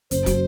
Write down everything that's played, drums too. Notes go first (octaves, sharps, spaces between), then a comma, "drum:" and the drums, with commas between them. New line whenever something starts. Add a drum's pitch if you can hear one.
F#1 C5, drum: hi-hat
F#3, drum: kick, hi-hat